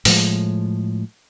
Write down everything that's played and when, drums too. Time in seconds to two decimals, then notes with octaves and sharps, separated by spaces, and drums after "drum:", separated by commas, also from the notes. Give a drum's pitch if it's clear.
0.05 A2 F3 G#3, drum: open hi-hat